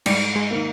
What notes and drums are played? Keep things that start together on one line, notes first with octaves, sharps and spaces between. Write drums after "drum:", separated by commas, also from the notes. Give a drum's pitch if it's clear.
G#2 G3, drum: cymbal
G#3
D#3 A#3